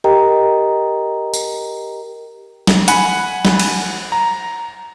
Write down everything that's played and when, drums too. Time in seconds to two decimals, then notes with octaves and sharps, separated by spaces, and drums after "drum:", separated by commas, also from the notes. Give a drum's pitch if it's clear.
0.04 G4 A#4 D#5 G5 A#5
1.34 drum: tambourine
2.67 drum: snare
2.88 F#5 G#5 B5, drum: hi-hat
3.45 drum: snare
3.59 drum: cymbal
4.12 A#5